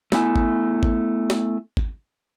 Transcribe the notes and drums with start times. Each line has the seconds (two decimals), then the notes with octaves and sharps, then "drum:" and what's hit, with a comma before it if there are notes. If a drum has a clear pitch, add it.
0.12 A3 B3 E4 G#5, drum: snare
0.36 drum: kick G#1
0.83 drum: kick G#1
1.30 drum: snare
1.77 drum: kick G#1